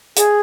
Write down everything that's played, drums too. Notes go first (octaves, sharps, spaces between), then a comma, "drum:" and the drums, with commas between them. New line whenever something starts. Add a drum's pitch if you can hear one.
G#4, drum: hi-hat